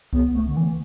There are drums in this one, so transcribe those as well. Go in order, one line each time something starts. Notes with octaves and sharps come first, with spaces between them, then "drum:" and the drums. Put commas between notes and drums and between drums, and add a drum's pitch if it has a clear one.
B3, drum: kick C2
A3
D3
E3